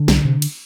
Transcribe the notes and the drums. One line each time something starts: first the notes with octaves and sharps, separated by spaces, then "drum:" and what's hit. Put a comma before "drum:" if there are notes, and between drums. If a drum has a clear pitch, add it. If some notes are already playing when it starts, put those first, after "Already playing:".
Already playing: D3
C2, drum: snare
C3
drum: cymbal